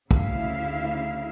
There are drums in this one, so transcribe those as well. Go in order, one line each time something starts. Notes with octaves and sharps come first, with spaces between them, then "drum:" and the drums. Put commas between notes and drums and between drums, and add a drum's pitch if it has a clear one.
D2 C#3 E4 E5 F5, drum: kick